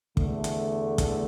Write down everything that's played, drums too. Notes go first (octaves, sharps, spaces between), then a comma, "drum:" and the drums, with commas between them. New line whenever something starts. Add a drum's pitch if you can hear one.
E2 D3 A3, drum: kick
drum: hi-hat
drum: kick, hi-hat